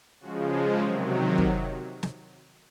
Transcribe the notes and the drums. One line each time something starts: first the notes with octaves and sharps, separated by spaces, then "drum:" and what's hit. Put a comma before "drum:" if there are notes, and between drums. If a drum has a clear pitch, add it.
C#3 F3 G#3 F#4
C3 D#3 F#3
F#4
drum: kick
drum: snare